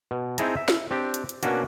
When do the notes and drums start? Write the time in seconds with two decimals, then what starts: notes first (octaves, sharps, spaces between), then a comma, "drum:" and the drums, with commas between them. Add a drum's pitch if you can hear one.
0.11 B2
0.38 C4 D#4 E4 G#4 A5 A#5, drum: hi-hat
0.57 E5
0.68 drum: snare
0.91 C4 D4 G4
1.14 drum: hi-hat
1.29 drum: hi-hat
1.43 B2 A#3 C#4 D4 F#4, drum: hi-hat